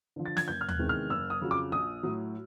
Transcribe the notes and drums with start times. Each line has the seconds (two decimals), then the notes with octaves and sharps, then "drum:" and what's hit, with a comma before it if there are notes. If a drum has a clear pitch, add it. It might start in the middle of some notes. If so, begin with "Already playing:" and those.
0.16 D3 F3
0.25 A6
0.37 G#6, drum: snare
0.48 F#1 G6
0.61 F6
0.69 F#6, drum: tom D#2
0.79 E2 C3 D#3 G#3
0.89 F6
1.10 F#1 E6
1.30 D#6
1.41 F2 C#3 F#3
1.51 D6
1.72 A#1 D#6
2.03 A2 F#3